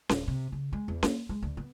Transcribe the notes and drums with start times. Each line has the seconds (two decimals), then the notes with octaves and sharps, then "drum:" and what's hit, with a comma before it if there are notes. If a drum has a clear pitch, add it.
0.09 D#1, drum: snare C#4
0.28 C3
0.52 C#3
0.73 G#3
0.88 E2
1.03 A#3, drum: snare C#4
1.29 G#3
1.43 D2
1.57 B3